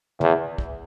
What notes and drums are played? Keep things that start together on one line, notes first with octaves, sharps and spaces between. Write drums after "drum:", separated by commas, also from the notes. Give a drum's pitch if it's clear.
E2, drum: tom
drum: kick